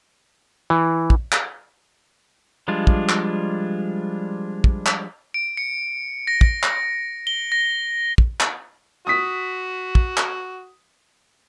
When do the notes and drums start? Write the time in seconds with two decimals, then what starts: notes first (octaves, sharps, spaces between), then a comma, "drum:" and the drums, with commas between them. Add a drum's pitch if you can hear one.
0.70 E3
1.10 drum: kick
1.32 drum: clap
2.68 F3 G3 G#3 D4 F4
2.87 drum: kick
3.09 drum: clap
4.64 drum: kick
4.86 drum: clap
5.34 D7
5.57 C#7
6.27 A#6
6.41 drum: kick
6.63 drum: clap
7.27 G7
7.52 A#6
8.18 drum: kick
8.40 drum: clap
9.07 F#4 D#6 B6
9.95 drum: kick
10.17 drum: clap